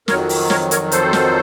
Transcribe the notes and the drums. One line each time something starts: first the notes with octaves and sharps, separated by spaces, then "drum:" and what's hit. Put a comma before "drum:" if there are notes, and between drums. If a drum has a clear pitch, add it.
F2 D#3 F#3 A#4 C#5, drum: snare
drum: open hi-hat
A#4 C#5, drum: snare
A#4 C#5, drum: hi-hat
A4 C5, drum: hi-hat
drum: snare